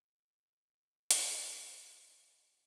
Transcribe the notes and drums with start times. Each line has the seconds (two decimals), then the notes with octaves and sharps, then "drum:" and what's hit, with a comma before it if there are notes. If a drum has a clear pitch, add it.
1.11 drum: hi-hat
1.61 F3 E4 F5
1.96 G#4 B4
2.51 A#2 D3 C#4 F#4 A4